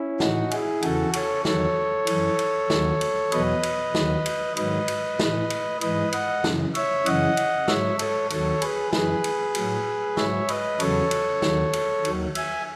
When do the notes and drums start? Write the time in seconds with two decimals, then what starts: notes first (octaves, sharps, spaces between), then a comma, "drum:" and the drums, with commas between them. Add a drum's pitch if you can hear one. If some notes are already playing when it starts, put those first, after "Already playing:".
Already playing: C#4 E4
0.20 A2 E3 D#4 F#4, drum: snare
0.51 E4 G#4, drum: cymbal
0.82 E2 C#3 E3 F#4 A4, drum: cymbal
1.13 A4 C#5, drum: cymbal
1.45 E2 D#3 F#3 A4 C#5, drum: snare
2.07 F#2 E3, drum: cymbal
2.39 drum: cymbal
2.70 D#2 D#3 F#3, drum: snare
3.01 drum: cymbal
3.32 E2 B2 F#3 B4 D#5, drum: cymbal
3.63 drum: cymbal
3.95 D#2 D#3 F#3, drum: snare
4.26 drum: cymbal
4.57 G#2 D#3 F#3 B4 D#5, drum: cymbal
4.88 drum: cymbal
5.19 A2 E3, drum: snare
5.50 drum: cymbal
5.81 G#2 E3 B4 D#5, drum: cymbal
6.13 D#5 F#5, drum: cymbal
6.44 F#2 C#3 E3, drum: snare
6.75 C#5 E5, drum: cymbal
7.06 F#2 C#3 E3 D#5 F#5, drum: cymbal
7.37 drum: cymbal
7.68 G#2 F#3 C#5 E5, drum: snare
7.99 A4 C#5, drum: cymbal
8.30 D#2 D#3 F#3 A4 C#5, drum: cymbal
8.62 G#4 B4, drum: cymbal
8.93 F#2 E3 G#4 B4, drum: snare
9.24 drum: cymbal
9.55 A2 F#3, drum: cymbal
10.17 G#2 F#3 C#5 E5, drum: snare
10.49 B4 D#5, drum: cymbal
10.80 E2 C#3 F#3 A4 C#5, drum: cymbal
11.11 drum: cymbal
11.42 D#2 D#3 F#3, drum: snare
11.73 drum: cymbal
12.05 D#2 D#3 F#3, drum: cymbal
12.35 E5 G#5, drum: cymbal